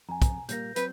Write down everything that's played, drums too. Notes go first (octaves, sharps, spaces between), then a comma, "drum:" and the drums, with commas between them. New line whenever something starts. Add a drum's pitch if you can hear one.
F2 G#5 A#5
drum: kick, hi-hat
A#2 G3 A#3 G6 A#6, drum: hi-hat
F#3 C4 B4 G6, drum: hi-hat